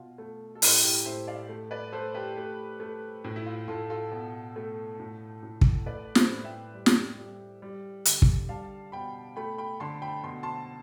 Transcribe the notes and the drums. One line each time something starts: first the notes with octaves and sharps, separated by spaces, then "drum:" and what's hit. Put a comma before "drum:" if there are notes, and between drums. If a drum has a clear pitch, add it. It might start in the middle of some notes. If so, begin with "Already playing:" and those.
Already playing: B2 F4
A3
A4
A2 E4 G4, drum: open hi-hat
E4 G4
A2 C5 E5
D5 F5
A3
B4 D5
A3 A4 C5
G4 B4
A3
A3
A2
E4
F4
A2 F4 A4
F4 A4
B2
A3
A2
A2
drum: kick
A3 B4 D5
C5 E5, drum: snare
A2
E5 G5
G3
drum: snare
G3
G3
D3, drum: hi-hat
drum: kick
G3 F5 A5
B2 G5 B5
A3 G5 B5
G5 B5
D3 A5 C6
G5 B5
B2 C6
A5 C6